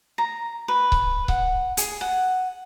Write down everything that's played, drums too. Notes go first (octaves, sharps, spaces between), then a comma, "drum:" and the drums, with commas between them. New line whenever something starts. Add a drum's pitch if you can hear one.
A#5
B4
drum: kick C#1
F#5, drum: kick C#1
G#4, drum: hi-hat
F#5